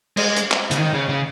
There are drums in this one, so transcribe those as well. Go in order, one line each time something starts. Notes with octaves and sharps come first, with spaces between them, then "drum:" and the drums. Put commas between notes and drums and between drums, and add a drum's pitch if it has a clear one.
G#3, drum: cymbal
drum: hi-hat
drum: clap
C#3, drum: hi-hat
D#3
C#3
C#3